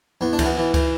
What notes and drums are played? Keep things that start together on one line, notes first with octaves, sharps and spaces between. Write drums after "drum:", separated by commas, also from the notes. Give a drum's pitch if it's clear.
E2 B3
D4
E3, drum: kick C#2, cymbal
B3
E3
E3, drum: kick C#2, cymbal